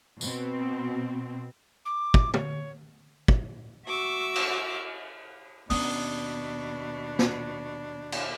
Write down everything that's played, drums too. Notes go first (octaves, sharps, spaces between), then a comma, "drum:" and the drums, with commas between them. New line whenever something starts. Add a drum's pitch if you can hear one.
B2 C4, drum: tambourine
D6
drum: kick
C#5, drum: tom
drum: kick
F#4 E5 C#6 D6 E6
drum: cymbal
D#2 B2 B3 C#4 D4 D#6, drum: open hi-hat
drum: snare
drum: cymbal